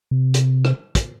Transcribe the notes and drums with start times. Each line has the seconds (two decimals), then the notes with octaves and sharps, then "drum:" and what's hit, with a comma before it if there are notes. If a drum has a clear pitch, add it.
0.11 C3
0.34 drum: hi-hat
0.65 drum: rim click
0.95 drum: kick, hi-hat